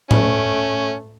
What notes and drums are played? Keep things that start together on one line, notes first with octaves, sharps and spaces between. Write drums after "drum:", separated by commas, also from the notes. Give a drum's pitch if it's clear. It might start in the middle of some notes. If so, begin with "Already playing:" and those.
A3 C#4, drum: tom A2